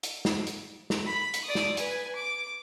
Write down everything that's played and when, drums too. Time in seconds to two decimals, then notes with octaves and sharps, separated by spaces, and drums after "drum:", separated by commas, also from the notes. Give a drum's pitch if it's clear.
0.03 drum: hi-hat
0.25 drum: snare
0.47 drum: hi-hat
0.90 drum: snare
1.07 B5
1.34 drum: hi-hat
1.44 D5 D#6
1.55 drum: snare
1.77 B4 G#5, drum: hi-hat
2.16 D6